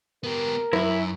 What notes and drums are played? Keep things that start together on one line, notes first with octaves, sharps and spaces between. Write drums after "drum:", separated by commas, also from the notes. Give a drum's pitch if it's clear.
B3 G4 A#4
F#2 E4, drum: rim click